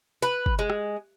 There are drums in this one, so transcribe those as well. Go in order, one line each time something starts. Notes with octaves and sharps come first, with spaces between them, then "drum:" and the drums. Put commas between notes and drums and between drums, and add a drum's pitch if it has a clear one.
B4, drum: hi-hat
drum: kick
G#3
drum: rim click